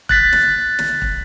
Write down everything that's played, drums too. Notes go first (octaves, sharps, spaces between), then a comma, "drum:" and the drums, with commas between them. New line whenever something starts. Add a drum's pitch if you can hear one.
F#6 A6 B6, drum: kick
drum: snare
drum: snare
drum: kick